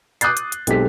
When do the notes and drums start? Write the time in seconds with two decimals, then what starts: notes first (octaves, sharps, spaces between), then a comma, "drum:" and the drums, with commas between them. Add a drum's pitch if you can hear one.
0.21 D6 D#6 F#6 G6 A6 C7, drum: hi-hat
0.37 drum: hi-hat
0.52 drum: hi-hat
0.67 B1 G#3 C4 G4 A4 B6, drum: hi-hat